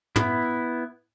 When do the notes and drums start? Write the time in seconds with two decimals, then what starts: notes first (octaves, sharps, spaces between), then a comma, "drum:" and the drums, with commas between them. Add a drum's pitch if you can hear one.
0.16 B3 E4, drum: tom